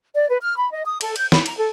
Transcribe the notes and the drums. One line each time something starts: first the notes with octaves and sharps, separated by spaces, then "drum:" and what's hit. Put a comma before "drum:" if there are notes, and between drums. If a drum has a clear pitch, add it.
D5
B4
F6
B5
D#5
D#6
A4, drum: cymbal
G6, drum: cymbal
B5, drum: snare
A#5, drum: cymbal
A4